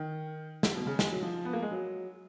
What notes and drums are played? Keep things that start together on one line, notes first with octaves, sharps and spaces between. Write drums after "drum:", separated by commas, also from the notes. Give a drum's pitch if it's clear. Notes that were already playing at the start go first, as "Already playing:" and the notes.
Already playing: D#3
drum: snare
B2
C#3
G#3, drum: snare
F#3
F3
B3
A#3
G#3
F#3